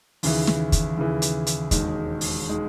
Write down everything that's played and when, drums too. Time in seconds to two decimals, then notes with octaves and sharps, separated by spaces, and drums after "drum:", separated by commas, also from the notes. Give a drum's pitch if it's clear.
0.23 D#2 C#3 E3, drum: open hi-hat
0.47 drum: snare
0.72 drum: kick, hi-hat
0.97 D#2 C#3 E3
1.22 drum: hi-hat
1.47 drum: hi-hat
1.71 E1 D#2 D#3 G#3, drum: kick, hi-hat
2.21 drum: open hi-hat
2.49 D#3 G#3